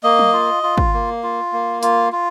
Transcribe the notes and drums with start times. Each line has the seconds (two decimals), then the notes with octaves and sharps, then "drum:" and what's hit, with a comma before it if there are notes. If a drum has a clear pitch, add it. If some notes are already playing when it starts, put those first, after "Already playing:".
0.03 A#3 D#5
0.19 drum: tom F#3
0.33 F4
0.63 F4
0.78 drum: kick
0.94 A#3
1.23 F4
1.53 A#3
1.83 F4, drum: hi-hat
2.12 F4